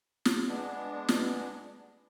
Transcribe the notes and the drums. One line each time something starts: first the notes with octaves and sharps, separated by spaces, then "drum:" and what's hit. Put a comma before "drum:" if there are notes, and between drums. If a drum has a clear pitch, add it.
drum: snare
G#3 B3 D4
drum: snare